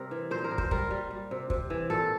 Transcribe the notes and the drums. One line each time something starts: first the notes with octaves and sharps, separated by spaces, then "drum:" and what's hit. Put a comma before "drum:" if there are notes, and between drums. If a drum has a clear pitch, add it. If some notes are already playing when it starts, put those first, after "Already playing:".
Already playing: C3 G3 A#4
E3
A#2 C5
A#4
A#2
C5, drum: kick
G3 A#4, drum: kick
G3
G3
C3
C3, drum: kick
E3
A#2 A4